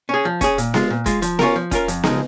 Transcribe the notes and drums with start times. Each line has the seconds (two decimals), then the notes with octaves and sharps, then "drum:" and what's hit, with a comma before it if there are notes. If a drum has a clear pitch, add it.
0.09 C#4 G#4
0.25 F3
0.41 C#4 G#4, drum: kick E1, hi-hat
0.58 A#2, drum: hi-hat
0.74 G#3 F4, drum: snare B3
0.90 A#2
1.06 G#3 F4, drum: kick E1, hi-hat
1.22 F3, drum: hi-hat
1.39 C#4 F4 A#4, drum: snare B3
1.56 F3
1.71 C#4 F4 A#4, drum: kick E1, hi-hat
1.88 F2, drum: hi-hat
2.04 C#3 F3 G#3 D#4, drum: snare B3